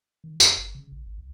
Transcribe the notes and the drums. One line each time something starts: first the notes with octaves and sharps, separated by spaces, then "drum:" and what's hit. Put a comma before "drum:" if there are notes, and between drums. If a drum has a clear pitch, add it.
D#3
F#2, drum: tambourine
G1
C#3
A#1
G#1
C2